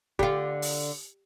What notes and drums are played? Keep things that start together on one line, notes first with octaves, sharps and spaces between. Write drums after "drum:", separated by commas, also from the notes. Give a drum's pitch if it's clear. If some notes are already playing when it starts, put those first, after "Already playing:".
D3 F4 G4, drum: kick
drum: open hi-hat